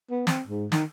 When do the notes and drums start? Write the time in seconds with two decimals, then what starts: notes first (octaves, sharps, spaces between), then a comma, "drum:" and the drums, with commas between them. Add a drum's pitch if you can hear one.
0.11 B3
0.27 C4, drum: snare
0.47 G#2
0.72 D#3, drum: snare